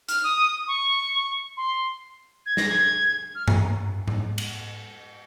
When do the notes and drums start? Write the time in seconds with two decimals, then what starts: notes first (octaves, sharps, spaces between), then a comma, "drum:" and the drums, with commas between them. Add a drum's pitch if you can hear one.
0.09 F6, drum: hi-hat
0.24 D#6
0.68 C#6
1.57 C6
2.46 G#6
2.57 A#6, drum: snare
2.69 G#6
3.35 F6
3.48 drum: tom G2
4.08 drum: tom G#2
4.38 drum: cymbal